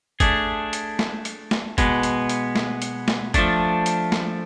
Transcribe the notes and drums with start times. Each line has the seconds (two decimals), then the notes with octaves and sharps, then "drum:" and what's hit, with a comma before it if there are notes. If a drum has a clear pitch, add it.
0.20 A3 D4 G#4, drum: kick, hi-hat
0.73 drum: hi-hat
0.99 drum: snare
1.25 drum: hi-hat
1.51 drum: snare
1.78 B2 G#3 B3, drum: kick, hi-hat
2.03 drum: hi-hat
2.29 drum: hi-hat
2.56 drum: snare
2.82 drum: hi-hat
3.08 drum: snare
3.34 F3 A3 D4, drum: kick, hi-hat
3.86 drum: hi-hat
4.12 drum: snare